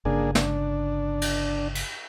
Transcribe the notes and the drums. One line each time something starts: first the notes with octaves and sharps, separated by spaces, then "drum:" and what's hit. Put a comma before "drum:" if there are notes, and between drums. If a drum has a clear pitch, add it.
G1 C#3 A#3 D4 G#4
D4, drum: snare
drum: cymbal
drum: cymbal